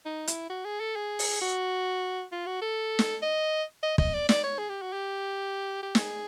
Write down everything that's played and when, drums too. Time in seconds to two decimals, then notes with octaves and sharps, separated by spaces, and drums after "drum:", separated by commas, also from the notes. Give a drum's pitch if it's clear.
0.05 D#4
0.27 E4, drum: hi-hat
0.50 F#4
0.65 G#4
0.80 A4
0.96 G#4
1.19 drum: open hi-hat
1.42 F#4
2.32 F4
2.46 F#4
2.62 A4
2.99 drum: snare
3.23 D#5
3.83 D#5
3.98 D#5, drum: kick
4.14 D5
4.29 D5, drum: snare
4.44 C#5
4.58 G#4
4.70 G4
4.82 F#4
4.93 G4
5.83 G4
5.95 G#4, drum: snare